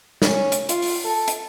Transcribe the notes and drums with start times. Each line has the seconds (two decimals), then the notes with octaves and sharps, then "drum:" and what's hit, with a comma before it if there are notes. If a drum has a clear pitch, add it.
0.22 C#4, drum: snare
0.52 drum: hi-hat
0.69 F4, drum: hi-hat
0.82 drum: open hi-hat
1.04 A4
1.28 drum: hi-hat